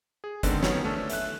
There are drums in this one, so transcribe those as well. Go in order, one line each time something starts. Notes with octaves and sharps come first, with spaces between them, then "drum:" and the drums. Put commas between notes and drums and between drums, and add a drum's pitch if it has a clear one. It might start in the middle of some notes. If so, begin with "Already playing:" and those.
G#4
D3 D#3 G#3 B3 C4, drum: kick, hi-hat
F#2 D#3 B3 C#4 C#5, drum: snare
A3 C#4 D4 A4
E5 F#6, drum: hi-hat